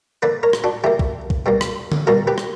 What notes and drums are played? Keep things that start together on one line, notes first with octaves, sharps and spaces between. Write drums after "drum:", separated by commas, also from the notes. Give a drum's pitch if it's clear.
D3 A#3 B4 D5
A#4 C#5
drum: rim click
D4 F#4
D3 A#3 E4 G4
drum: kick B1
drum: kick B1
B2 G3 A#3
drum: rim click
drum: tom
B2 G3 A#3 F#4 A#4
G4 B4
drum: rim click